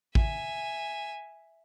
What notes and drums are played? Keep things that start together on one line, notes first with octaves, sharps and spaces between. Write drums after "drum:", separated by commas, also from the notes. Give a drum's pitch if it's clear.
E5 G#5, drum: kick A1